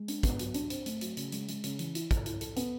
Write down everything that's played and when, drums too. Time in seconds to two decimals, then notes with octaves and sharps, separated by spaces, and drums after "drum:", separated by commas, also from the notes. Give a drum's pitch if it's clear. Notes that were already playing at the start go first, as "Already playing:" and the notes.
Already playing: G#3
0.08 D4, drum: hi-hat
0.23 B3, drum: kick, hi-hat
0.39 F#3, drum: hi-hat
0.54 D4, drum: hi-hat
0.70 C4, drum: hi-hat
0.86 A3, drum: hi-hat
1.01 F#3, drum: hi-hat
1.17 C#3, drum: hi-hat
1.32 G#3, drum: hi-hat
1.48 G#3, drum: hi-hat
1.64 C#3, drum: hi-hat
1.79 E3, drum: hi-hat
1.95 E4, drum: hi-hat
2.11 A4, drum: kick, hi-hat
2.26 E4, drum: hi-hat
2.41 A4, drum: hi-hat
2.56 B3, drum: hi-hat